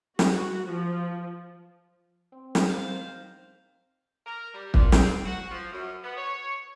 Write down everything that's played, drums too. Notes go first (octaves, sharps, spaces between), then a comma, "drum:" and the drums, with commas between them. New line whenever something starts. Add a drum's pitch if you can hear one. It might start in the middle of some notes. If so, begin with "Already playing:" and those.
F#4, drum: snare
F3
C4
drum: snare
D#3 C5 F5
A#4
G3
A#2, drum: kick
C4, drum: snare
F#4
F3
F#2
B3
C#5